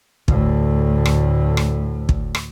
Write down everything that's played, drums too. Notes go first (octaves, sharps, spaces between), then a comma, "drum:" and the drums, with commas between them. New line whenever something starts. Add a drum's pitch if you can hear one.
D2 A2, drum: kick
drum: rim click
drum: rim click
drum: kick
drum: rim click